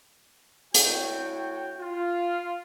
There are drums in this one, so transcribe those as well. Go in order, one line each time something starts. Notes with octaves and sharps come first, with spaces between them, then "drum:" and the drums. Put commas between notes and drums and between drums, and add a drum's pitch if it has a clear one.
D2 E4 F#4 C#5 G5, drum: hi-hat
F4